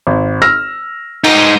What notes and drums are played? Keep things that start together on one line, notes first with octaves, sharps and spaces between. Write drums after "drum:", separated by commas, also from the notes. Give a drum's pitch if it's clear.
G#1
E6 F6 A#6
G#3 D#4, drum: cymbal